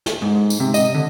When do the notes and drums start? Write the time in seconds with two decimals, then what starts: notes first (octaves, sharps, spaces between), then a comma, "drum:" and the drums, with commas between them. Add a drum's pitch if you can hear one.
0.06 drum: snare
0.22 G#2
0.50 drum: tambourine
0.60 C3
0.74 D#5, drum: tambourine
0.95 D3